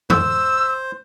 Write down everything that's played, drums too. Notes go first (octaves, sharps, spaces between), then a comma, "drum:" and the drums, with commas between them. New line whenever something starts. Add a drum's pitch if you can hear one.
C5 E6, drum: tom F2